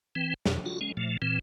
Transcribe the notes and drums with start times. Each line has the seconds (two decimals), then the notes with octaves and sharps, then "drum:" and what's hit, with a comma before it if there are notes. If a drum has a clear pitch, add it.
0.15 E3 C4
0.46 F2 B2, drum: snare
0.66 F4 F#4
0.81 G#3 C#4
0.97 A#2 F3 A3
1.22 A#2 E3 C4